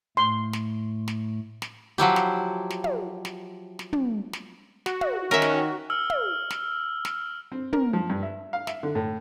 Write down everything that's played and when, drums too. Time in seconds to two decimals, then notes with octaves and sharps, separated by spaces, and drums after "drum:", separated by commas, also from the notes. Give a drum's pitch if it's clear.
0.17 A2 A3 C6
0.53 drum: snare
1.08 drum: snare
1.62 drum: snare
1.98 F3 F#3 E4 G4
2.16 drum: snare
2.70 drum: snare
2.84 drum: tom
3.25 drum: snare
3.79 drum: snare
3.93 drum: tom
4.33 drum: snare
4.86 F#4, drum: snare
5.01 drum: tom
5.31 D#3 C#4 A#4 E5
5.42 drum: snare
5.90 E6 F6
6.10 drum: tom
6.50 drum: snare
7.05 drum: snare
7.52 C4
7.73 A#4, drum: tom
7.93 F3
8.10 G2
8.23 E5
8.53 F5
8.67 E5, drum: snare
8.83 D3
8.95 A2